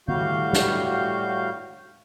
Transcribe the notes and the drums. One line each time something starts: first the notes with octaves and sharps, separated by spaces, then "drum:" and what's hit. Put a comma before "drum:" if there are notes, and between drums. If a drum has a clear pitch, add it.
A2 G3 F#4 F5 G6, drum: tom
drum: snare